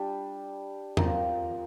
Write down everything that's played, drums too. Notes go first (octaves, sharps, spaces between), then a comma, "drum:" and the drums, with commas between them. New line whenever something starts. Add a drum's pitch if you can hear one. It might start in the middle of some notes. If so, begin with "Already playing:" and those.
Already playing: G3 D4 G4
C4 F4 A#4, drum: tom E2